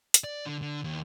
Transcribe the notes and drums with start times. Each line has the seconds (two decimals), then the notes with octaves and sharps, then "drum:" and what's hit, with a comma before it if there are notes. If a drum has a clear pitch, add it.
0.14 drum: hi-hat
0.24 D5
0.46 D3
0.62 D3
0.84 D#2